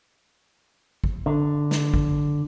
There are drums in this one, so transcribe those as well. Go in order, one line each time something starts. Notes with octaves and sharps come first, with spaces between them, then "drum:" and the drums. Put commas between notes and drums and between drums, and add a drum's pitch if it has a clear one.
drum: kick
D3
drum: snare
drum: kick